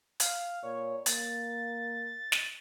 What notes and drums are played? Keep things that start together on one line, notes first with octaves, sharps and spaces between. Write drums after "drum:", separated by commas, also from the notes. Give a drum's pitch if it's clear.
F5, drum: hi-hat
A#2 C#5
A#3 A6, drum: hi-hat
drum: snare